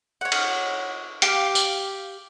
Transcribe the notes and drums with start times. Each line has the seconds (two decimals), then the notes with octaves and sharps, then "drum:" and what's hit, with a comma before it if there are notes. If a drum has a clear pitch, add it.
0.21 C#5 F#5
0.32 drum: cymbal
1.22 G4 F5, drum: hi-hat
1.55 drum: tambourine